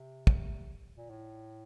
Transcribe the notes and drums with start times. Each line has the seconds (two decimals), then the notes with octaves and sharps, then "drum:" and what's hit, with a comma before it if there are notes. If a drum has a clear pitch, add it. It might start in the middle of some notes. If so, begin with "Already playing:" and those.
Already playing: C3
0.27 drum: kick
0.96 A#2
1.10 A2